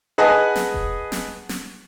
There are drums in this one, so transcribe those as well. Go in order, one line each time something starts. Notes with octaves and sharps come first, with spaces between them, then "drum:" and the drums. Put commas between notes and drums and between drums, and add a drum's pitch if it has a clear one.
G#4 B4 D#5 F#5 G#5 A5
drum: snare
drum: kick E1
drum: snare
drum: snare